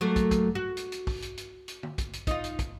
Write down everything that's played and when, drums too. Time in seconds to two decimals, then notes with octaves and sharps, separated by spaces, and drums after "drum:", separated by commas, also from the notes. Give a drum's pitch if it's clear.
0.01 F#3 A3 A#3
0.16 drum: kick, hi-hat
0.31 drum: kick, hi-hat
0.55 F#4
0.77 drum: hi-hat
0.92 drum: hi-hat
1.07 drum: kick, open hi-hat
1.22 drum: hi-hat
1.37 drum: hi-hat
1.68 drum: hi-hat
1.83 drum: tom D3
1.98 drum: kick, hi-hat
2.13 drum: hi-hat
2.27 D#4 F4, drum: kick, hi-hat
2.44 drum: hi-hat
2.59 drum: kick, hi-hat